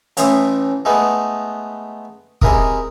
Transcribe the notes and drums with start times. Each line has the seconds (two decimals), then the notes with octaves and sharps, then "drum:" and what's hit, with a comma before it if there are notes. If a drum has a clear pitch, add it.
0.17 A1 A2 E3 C5 E5 D#6, drum: hi-hat
0.85 G#3 A3 B3 D#4
2.42 C3 G#3 E4 A#4 D#6, drum: kick